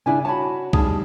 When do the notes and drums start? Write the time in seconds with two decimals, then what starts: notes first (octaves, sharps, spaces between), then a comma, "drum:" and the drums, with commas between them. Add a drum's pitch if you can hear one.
0.06 C#3 D4 E4 G#5
0.25 F#4 C#5 A5 B5
0.73 D2 G#2 G3 G#4 A5, drum: kick C2